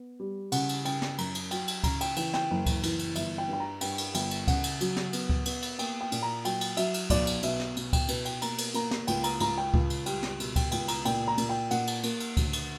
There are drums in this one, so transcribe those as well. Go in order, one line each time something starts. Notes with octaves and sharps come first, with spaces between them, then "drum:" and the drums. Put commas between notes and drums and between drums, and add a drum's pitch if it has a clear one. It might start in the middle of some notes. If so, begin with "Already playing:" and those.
Already playing: B3
G3
C#3 F#5, drum: cymbal
drum: cymbal
C#3 G5, drum: cymbal
drum: snare
F#2 A#5, drum: cymbal
drum: cymbal
F#3 G5, drum: cymbal
drum: cymbal
C#3 A#5, drum: kick C#2, cymbal
G5, drum: cymbal
E3 G5, drum: cymbal
G5, drum: snare
F#1
drum: kick C#2, cymbal
E3, drum: cymbal
drum: cymbal
G1 E5, drum: cymbal
G5
G2
G5
A#5
G2 G5, drum: cymbal
drum: cymbal
G1 G5, drum: cymbal
drum: cymbal
C#3 F#5, drum: kick C#2, cymbal
drum: cymbal
F#3, drum: cymbal
drum: snare
B3, drum: cymbal
drum: kick C#2
B3, drum: cymbal
drum: cymbal
A#3 G5, drum: cymbal
G5
A#2, drum: cymbal
A#5
F#3 G5, drum: cymbal
drum: cymbal
F#3 E5, drum: cymbal
drum: cymbal
B1 D5, drum: kick C#2, cymbal
drum: cymbal
B2 E5, drum: cymbal
drum: snare
B2, drum: cymbal
G5, drum: kick C#2, cymbal
B2 B4, drum: cymbal
G5, drum: cymbal
A#3 A#5, drum: cymbal
drum: cymbal
A#3 A#5, drum: cymbal
drum: snare
C#2 G5, drum: cymbal
A#5, drum: cymbal
C#2 A#5, drum: cymbal
G5
C#2, drum: kick C#2
drum: cymbal
G3 G5, drum: cymbal
drum: snare
B2, drum: cymbal
G5, drum: kick C#2, cymbal
C#2 G5, drum: cymbal
A#5, drum: cymbal
A#2 G5, drum: cymbal
A#5
A#2, drum: cymbal
G5
A#2 F#5, drum: cymbal
drum: cymbal
A#3, drum: cymbal
drum: cymbal
D2, drum: kick C#2, cymbal
drum: cymbal